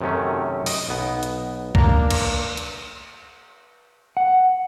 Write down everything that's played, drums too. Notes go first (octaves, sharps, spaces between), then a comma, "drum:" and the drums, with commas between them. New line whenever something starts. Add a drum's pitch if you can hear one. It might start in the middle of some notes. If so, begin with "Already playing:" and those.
F#2 C3 D#3 A3 C#4
D#5, drum: open hi-hat
B1 B3
drum: hi-hat
A#3 D4 A#5, drum: kick C2
drum: cymbal
drum: hi-hat
F#5